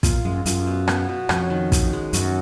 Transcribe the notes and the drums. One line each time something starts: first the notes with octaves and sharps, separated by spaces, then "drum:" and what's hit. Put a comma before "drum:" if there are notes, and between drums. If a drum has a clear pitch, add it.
A#2 F4, drum: kick, hi-hat
F#2 G#3
F#2 F4, drum: hi-hat
B2
B3, drum: rim click
B2
F2 C#4, drum: rim click
D#3
D#4, drum: kick, hi-hat
G#3
F#2 F#4, drum: hi-hat